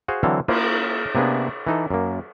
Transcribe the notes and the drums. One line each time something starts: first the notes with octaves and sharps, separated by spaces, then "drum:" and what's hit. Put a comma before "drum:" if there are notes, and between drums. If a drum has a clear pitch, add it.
F#4 G#4 C5 F5
D3 E3 F#3 C4 A4 F5
A#3 E4 F4 C5, drum: cymbal
C3 A#3 B3 D4 G#4
E3 D#4 A4
F#2 A#3